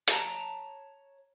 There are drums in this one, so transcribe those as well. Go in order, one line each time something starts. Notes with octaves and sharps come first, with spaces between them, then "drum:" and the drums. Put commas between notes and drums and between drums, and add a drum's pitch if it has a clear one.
C#5 D#5 E5 A5 A#5, drum: hi-hat